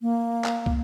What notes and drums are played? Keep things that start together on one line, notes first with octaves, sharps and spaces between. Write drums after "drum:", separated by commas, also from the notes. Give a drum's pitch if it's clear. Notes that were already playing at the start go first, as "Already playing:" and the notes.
A#3
drum: clap
drum: kick